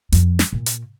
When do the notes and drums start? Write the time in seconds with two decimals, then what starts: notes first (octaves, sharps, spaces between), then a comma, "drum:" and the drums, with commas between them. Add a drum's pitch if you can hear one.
0.12 F2, drum: hi-hat
0.39 drum: snare
0.53 A#2
0.66 drum: hi-hat